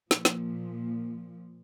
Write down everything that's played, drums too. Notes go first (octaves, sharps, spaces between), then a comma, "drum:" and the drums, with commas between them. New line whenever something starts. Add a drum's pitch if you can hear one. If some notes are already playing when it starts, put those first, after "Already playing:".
A#2 F3, drum: snare
drum: snare